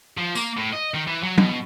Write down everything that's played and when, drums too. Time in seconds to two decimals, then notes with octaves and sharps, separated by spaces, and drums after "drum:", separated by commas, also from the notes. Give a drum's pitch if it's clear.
0.18 F3
0.35 A#3, drum: tambourine
0.57 A2
0.73 D#5
0.95 D#3
1.07 E3
1.23 F#3
1.38 B2, drum: tom F#3